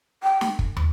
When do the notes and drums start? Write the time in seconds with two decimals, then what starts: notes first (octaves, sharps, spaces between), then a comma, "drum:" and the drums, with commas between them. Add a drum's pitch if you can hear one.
0.23 G5
0.41 drum: snare
0.59 drum: kick
0.76 drum: tom